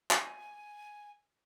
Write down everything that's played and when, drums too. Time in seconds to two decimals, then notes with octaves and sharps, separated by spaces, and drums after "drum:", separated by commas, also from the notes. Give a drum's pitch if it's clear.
0.11 G#5, drum: clap